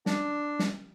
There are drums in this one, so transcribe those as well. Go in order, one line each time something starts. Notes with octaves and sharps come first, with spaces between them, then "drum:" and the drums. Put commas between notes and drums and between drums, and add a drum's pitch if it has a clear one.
D4, drum: snare
drum: snare